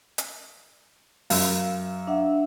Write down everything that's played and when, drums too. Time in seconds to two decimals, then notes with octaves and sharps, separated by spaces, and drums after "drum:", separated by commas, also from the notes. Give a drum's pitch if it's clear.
0.18 drum: hi-hat
1.30 F#2 F5 E6, drum: open hi-hat
2.07 D4 E5 F#5